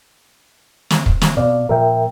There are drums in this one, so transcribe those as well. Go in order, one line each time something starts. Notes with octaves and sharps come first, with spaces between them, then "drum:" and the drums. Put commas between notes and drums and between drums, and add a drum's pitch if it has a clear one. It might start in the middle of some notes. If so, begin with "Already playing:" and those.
drum: snare
drum: kick
drum: snare
B2 D5 F5
A#2 F3 A#4 E5 G5